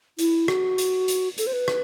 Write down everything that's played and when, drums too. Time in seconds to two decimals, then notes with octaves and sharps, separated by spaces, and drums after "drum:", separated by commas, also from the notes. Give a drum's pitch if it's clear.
0.19 E4, drum: hi-hat
0.48 F#4, drum: rim click
0.78 drum: hi-hat
1.08 drum: hi-hat
1.38 A4, drum: hi-hat
1.47 C5
1.53 B4
1.68 drum: rim click